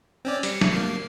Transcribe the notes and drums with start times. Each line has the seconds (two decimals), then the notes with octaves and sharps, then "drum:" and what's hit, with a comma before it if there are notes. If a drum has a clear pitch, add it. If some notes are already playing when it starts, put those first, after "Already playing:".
0.25 C4 C#4 D5
0.43 G3 C#7, drum: hi-hat
0.61 drum: snare
0.72 A#3 C7